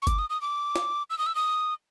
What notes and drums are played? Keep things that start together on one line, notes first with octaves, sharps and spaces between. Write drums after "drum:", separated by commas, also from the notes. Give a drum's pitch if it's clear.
C#6
D6, drum: kick G1, hi-hat
D#6
D#6
D6
drum: snare
E6
D#6
E6
D#6